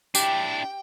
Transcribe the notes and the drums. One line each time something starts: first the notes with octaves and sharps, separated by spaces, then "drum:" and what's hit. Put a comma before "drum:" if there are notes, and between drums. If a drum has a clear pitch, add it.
D4 E4 G4 G5, drum: tambourine